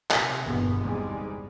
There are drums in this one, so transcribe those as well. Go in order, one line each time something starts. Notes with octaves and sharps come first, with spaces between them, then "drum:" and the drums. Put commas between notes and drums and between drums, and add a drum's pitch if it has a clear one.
C3, drum: clap
G1 E2 G2 B2 D#3 B3
E2 G#2 C3 G3 G#3